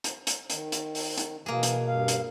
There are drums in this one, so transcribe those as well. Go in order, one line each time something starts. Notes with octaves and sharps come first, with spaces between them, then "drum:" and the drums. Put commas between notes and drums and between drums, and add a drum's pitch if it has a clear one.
drum: hi-hat
drum: hi-hat
D#3, drum: hi-hat
drum: hi-hat
drum: open hi-hat
drum: hi-hat
B2 E3 A#3 G#4
drum: hi-hat
G2 F5
drum: hi-hat